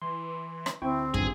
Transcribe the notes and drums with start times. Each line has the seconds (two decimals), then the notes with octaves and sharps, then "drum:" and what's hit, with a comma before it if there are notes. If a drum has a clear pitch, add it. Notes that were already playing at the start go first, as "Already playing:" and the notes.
0.02 E3 C6
0.66 drum: rim click
0.82 D2 C4 E4 G5 C#6
1.14 G#1 E2 G2 A#2 G#4, drum: kick